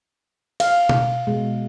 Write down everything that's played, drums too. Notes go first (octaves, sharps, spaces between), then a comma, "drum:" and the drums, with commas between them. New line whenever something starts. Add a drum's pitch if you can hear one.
F5, drum: cymbal
drum: tom B2
B2 G#3